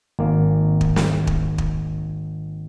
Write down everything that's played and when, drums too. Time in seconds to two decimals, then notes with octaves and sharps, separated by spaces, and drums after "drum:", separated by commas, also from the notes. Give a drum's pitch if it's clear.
0.19 G#1 A#3
0.81 drum: kick
0.96 drum: snare
1.27 drum: kick
1.58 drum: kick